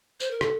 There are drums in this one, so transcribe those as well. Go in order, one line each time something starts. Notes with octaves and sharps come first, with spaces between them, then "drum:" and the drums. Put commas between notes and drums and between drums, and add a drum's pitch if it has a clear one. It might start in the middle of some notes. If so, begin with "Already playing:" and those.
C5, drum: tambourine
A#4
A4, drum: rim click